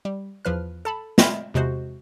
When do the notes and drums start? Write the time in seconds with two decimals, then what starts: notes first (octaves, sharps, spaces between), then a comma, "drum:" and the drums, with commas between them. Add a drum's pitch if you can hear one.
0.05 G3
0.45 E2 F3 B4 F6
0.85 A4 A5 B5
1.18 D#5 E5 G5 B5 C6 F6, drum: snare
1.54 E2 C3 G#3 F#4 C5